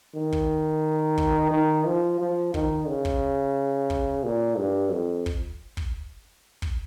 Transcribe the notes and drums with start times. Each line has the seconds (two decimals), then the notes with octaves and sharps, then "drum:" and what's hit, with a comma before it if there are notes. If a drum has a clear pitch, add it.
0.15 D#3
0.32 drum: kick
1.18 drum: kick
1.51 D#3
1.86 F3
2.20 F3
2.54 D#3, drum: kick
2.88 C#3
3.05 drum: kick
3.90 drum: kick
4.24 A#2
4.58 G2
4.91 F2
5.26 drum: kick
5.77 drum: kick
6.62 drum: kick